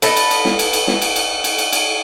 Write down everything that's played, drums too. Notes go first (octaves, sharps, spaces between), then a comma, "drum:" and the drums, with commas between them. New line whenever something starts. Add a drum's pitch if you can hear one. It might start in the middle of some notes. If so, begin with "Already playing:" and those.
A4 B4 D#5, drum: cymbal
drum: cymbal
drum: cymbal
drum: snare
drum: cymbal
drum: cymbal
drum: snare
drum: cymbal
drum: cymbal
drum: cymbal
drum: cymbal
drum: cymbal